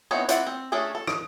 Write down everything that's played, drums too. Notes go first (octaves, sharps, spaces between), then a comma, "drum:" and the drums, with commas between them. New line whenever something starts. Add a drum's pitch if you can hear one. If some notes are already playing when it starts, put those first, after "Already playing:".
E3 B3 C4 D#4 C#5
C4 E4 D5 F#5, drum: hi-hat
C4
A3 C#4 D4 G#4 A4
A4
drum: rim click